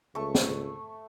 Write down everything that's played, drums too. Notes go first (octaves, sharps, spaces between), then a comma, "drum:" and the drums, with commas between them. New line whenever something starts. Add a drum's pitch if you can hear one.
C#2 A3 C#6
drum: snare